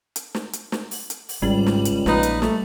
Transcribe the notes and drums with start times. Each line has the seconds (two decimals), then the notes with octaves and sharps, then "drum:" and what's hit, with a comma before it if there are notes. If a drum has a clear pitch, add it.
0.16 drum: hi-hat
0.35 drum: snare
0.53 drum: hi-hat
0.72 drum: snare
0.91 drum: open hi-hat
1.10 drum: hi-hat
1.29 drum: open hi-hat
1.42 G#1 C#2 G3 F#7
1.66 drum: snare
1.85 drum: hi-hat
2.06 A#1 A#2 F3 D#4 B4, drum: snare
2.23 drum: hi-hat
2.42 A3, drum: snare